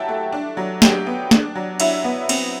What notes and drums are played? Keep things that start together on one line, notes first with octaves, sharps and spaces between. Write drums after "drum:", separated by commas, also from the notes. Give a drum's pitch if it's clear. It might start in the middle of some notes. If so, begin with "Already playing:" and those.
Already playing: F#3 E4 G4 F#5 G5 A5
A3
D4
F#3
F#3 G4 G5, drum: snare
B3
D4, drum: snare
F#3
F#3 E4 E5, drum: cymbal
B3
C4, drum: cymbal